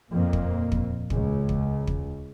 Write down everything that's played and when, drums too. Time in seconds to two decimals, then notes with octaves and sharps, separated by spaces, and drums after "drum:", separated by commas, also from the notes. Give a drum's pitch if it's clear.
0.13 F2 A#2 A#3
0.33 drum: kick
0.72 drum: kick
1.10 C#2, drum: kick
1.49 drum: kick
1.87 drum: kick